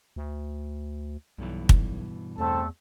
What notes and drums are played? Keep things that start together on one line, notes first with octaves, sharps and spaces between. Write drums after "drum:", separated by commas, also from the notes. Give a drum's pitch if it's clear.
D2
B1 G2 B2 E3
drum: kick
E2 A3 C4 A4 A5